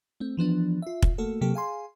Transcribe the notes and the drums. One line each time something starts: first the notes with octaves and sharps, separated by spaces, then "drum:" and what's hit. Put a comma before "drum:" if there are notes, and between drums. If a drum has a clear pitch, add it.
A3 C4
E3 F3 B3 D4
F4 E5
drum: kick
A3 A#3 F#4 A4
C3 F#3 A#3 G4 A4
G#4 F5 G#5 C6